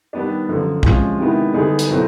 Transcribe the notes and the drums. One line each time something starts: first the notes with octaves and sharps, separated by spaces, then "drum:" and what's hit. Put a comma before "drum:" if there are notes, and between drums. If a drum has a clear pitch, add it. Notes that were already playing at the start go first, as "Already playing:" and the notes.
D#3 G3 B3 D4
F#2 D3 F3
C3 F3 G#3 C#4 F4, drum: kick
C3 D#3 G#3 B3 E4
D3 G3 B3 D#4 G#4
drum: hi-hat
B2 F#3 A3 C4 E4